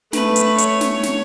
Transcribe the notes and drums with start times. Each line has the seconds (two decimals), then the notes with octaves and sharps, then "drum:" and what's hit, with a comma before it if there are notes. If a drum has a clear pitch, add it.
0.13 A3 B4, drum: snare
0.36 drum: hi-hat
0.58 C#5, drum: hi-hat
0.81 drum: snare
1.03 drum: snare